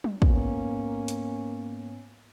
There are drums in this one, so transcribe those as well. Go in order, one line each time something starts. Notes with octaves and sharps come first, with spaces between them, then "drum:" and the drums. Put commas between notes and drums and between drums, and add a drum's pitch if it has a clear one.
drum: tom
G#2 A#3 B3 C#4, drum: kick
drum: hi-hat